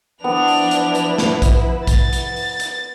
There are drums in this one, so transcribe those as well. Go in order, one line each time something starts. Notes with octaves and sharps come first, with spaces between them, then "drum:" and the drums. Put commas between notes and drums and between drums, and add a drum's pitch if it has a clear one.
F3 B3 D4 E4 B4 F7
drum: open hi-hat
drum: hi-hat
drum: hi-hat
drum: snare
drum: kick A#1, hi-hat
A6, drum: kick A#1, hi-hat
drum: hi-hat
drum: open hi-hat
drum: hi-hat